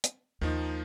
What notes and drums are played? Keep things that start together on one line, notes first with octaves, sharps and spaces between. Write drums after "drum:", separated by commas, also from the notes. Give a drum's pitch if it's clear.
drum: hi-hat
D#2 D#3 F3 D#4